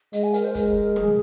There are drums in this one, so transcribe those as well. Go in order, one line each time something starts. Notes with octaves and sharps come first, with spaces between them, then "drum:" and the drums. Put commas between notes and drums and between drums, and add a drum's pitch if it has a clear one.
G#3 D#5, drum: hi-hat
G#5
A#4, drum: hi-hat
C5
G#3 A#4, drum: kick, hi-hat
G#4, drum: tom